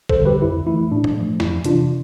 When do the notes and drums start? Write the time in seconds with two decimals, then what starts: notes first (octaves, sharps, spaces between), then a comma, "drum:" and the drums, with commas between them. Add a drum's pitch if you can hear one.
0.09 A4 C5, drum: kick
0.18 D3 G3
0.25 G4 B4
0.42 F2 E4
0.67 E3 A3 E4
0.92 A2 D4
1.04 drum: tom A2
1.17 F3 A3
1.40 F2 E4, drum: snare
1.64 C3 E3 D4 F4, drum: hi-hat